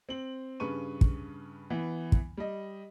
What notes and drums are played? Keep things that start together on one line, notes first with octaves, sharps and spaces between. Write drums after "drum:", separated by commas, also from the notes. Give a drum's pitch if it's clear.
C4 F#7
G2 C#3 B4 C#6 D#7
drum: kick
E3 B3
drum: kick
G3 D#5